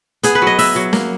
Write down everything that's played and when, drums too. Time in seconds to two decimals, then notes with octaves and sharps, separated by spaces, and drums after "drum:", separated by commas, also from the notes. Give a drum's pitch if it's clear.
0.23 B3 G#4, drum: hi-hat
0.35 B4
0.42 F#3
0.47 D#5
0.59 B3 E5, drum: open hi-hat
0.76 F#3
0.93 A#3, drum: snare